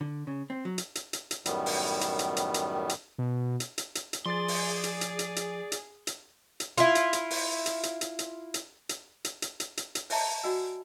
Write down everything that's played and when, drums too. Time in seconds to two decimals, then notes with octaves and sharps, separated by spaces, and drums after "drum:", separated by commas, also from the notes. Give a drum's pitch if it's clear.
0.01 D3
0.27 C#3
0.50 C4
0.65 F#3
0.78 drum: hi-hat
0.95 drum: hi-hat
1.13 drum: hi-hat
1.31 drum: hi-hat
1.46 F#2 A2 D#3 G3 B3, drum: hi-hat
1.66 drum: open hi-hat
2.01 drum: hi-hat
2.19 drum: hi-hat
2.37 drum: hi-hat
2.54 drum: hi-hat
2.89 drum: hi-hat
3.18 B2
3.60 drum: hi-hat
3.78 drum: hi-hat
3.95 drum: hi-hat
4.13 drum: hi-hat
4.26 F3 G#4 D5 C6 A6
4.48 drum: open hi-hat
4.83 drum: hi-hat
5.01 drum: hi-hat
5.19 drum: hi-hat
5.36 drum: hi-hat
5.72 drum: hi-hat
6.07 drum: hi-hat
6.60 drum: hi-hat
6.78 E4 F4, drum: hi-hat
6.95 drum: hi-hat
7.13 drum: hi-hat
7.30 drum: open hi-hat
7.66 drum: hi-hat
7.83 drum: hi-hat
8.01 drum: hi-hat
8.19 drum: hi-hat
8.54 drum: hi-hat
8.89 drum: hi-hat
9.25 drum: hi-hat
9.42 drum: hi-hat
9.60 drum: hi-hat
9.77 drum: hi-hat
9.95 drum: hi-hat
10.10 C#5 D#5 E5 G5 A5 A#5, drum: open hi-hat
10.44 F#4 D5 D#5 F#5 G#5 E6